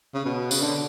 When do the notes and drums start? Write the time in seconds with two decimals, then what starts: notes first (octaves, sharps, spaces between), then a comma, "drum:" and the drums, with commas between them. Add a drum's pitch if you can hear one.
0.14 C#3
0.25 B2
0.51 C#3, drum: tambourine
0.62 D3